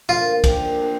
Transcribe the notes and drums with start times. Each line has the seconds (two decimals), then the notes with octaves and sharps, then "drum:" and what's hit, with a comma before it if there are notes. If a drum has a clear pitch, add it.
0.09 D3 F3 A#3 F4
0.44 F3 A#3 D4 G4, drum: kick, cymbal
0.80 F3 A#3 D4 G4